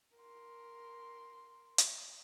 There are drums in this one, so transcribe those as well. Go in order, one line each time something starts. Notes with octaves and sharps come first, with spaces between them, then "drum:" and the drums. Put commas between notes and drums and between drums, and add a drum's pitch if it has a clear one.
A#4 C6
drum: hi-hat